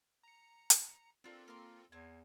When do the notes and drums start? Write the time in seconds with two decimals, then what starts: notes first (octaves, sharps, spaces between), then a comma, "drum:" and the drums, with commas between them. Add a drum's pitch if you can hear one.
0.23 A#5 C#7
0.70 drum: hi-hat
1.24 A#3 C4 D4 F4 A4
1.48 A#3 A#4 C6
1.92 E2 C4 G#5